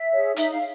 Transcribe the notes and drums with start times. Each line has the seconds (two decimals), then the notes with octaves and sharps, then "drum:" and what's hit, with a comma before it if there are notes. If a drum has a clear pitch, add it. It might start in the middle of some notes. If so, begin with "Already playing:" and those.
Already playing: E5
0.13 G#4 C#5
0.36 D#4 E5, drum: hi-hat
0.50 F5